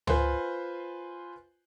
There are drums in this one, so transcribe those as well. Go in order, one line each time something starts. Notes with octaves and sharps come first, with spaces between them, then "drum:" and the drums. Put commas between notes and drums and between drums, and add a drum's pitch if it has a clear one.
F4 B4 C5 G#5 C6, drum: tom C#2